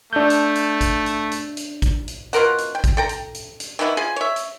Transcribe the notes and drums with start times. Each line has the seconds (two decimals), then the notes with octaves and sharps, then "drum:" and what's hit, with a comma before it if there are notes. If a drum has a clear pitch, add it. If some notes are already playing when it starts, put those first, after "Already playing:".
0.13 A3 D4 G6
0.30 drum: hi-hat
0.55 drum: hi-hat
0.81 drum: kick A1, hi-hat
1.06 drum: hi-hat
1.32 drum: hi-hat
1.57 drum: hi-hat
1.82 drum: kick A1, hi-hat
2.08 drum: hi-hat
2.33 B2 F4 A#4 F#5, drum: hi-hat
2.58 drum: hi-hat
2.75 G5
2.84 drum: kick A1, hi-hat
2.97 A4 G5 A#5
3.09 drum: hi-hat
3.35 drum: hi-hat
3.60 drum: hi-hat
3.79 D#3 E3 B3 E4
3.97 F3 G#4 G#5
4.16 C#5 E5
4.36 drum: hi-hat